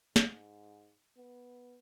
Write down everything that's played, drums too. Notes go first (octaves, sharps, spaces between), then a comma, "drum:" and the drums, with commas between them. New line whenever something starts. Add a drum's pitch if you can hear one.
G#2, drum: snare
B3